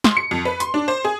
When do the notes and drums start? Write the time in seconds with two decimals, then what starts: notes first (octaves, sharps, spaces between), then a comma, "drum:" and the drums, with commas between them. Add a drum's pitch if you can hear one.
0.04 C6, drum: snare
0.17 C#7
0.31 F2
0.45 B4
0.60 C6, drum: hi-hat
0.74 D4
0.88 C5
1.05 G#4